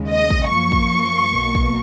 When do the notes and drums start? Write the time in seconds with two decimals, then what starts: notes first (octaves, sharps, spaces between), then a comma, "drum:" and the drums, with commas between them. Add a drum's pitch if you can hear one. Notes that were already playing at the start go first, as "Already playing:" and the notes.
Already playing: D#2 C#3 G#3
0.10 D#5
0.30 drum: kick
0.51 F#2 F3 A#3 C#6
0.72 drum: kick
1.34 B1 B2 A#3
1.55 drum: kick